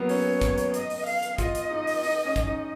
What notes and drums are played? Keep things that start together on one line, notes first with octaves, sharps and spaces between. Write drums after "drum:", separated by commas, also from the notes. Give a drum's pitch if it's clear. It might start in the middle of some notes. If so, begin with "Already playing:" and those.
Already playing: F#3 A#3 B3
C#4 C#5, drum: open hi-hat
drum: kick, hi-hat
drum: hi-hat
D#5, drum: hi-hat
drum: open hi-hat
F5, drum: open hi-hat
drum: hi-hat
F4 D#5, drum: kick, hi-hat
drum: hi-hat
D#4
drum: open hi-hat
D#4, drum: open hi-hat
C#4
drum: kick, hi-hat
D#4